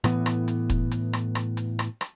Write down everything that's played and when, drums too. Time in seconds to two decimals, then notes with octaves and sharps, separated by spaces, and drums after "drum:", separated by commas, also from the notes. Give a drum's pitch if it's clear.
0.04 A2 E3 B3, drum: rim click
0.26 drum: rim click
0.48 drum: hi-hat
0.70 drum: kick, hi-hat
0.91 drum: hi-hat
1.13 drum: rim click
1.35 drum: rim click
1.57 drum: hi-hat
1.79 drum: rim click
2.01 drum: rim click